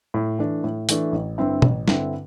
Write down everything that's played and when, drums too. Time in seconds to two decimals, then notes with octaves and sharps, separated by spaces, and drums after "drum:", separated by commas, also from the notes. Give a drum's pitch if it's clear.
0.14 A2
0.39 E3 A3 D4
0.64 A2
0.89 E3 A3 D4, drum: hi-hat
1.12 A1
1.38 G2 D3 C4 E4
1.62 A1, drum: tom B2
1.88 G2 D3 C4 E4, drum: snare